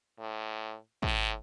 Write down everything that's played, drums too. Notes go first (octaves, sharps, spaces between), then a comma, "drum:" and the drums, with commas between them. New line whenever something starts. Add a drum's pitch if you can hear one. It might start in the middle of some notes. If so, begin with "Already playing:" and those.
A2
A2, drum: kick